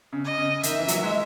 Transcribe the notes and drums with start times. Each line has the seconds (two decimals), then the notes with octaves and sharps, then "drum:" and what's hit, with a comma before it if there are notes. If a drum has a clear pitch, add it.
0.13 C#3
0.25 D#5
0.38 C#3
0.63 D#3 E5, drum: hi-hat
0.79 E3
0.88 F#3, drum: hi-hat
1.04 G#3